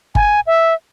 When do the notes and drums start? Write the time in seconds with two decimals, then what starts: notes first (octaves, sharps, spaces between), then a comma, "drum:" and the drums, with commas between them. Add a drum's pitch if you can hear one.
0.15 G#5, drum: kick G1
0.47 E5